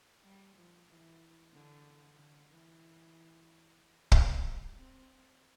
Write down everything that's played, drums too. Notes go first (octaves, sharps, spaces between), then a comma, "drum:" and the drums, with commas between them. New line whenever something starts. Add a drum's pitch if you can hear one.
G3
F3
E3
D3
D3
E3
F3, drum: kick
G3
C4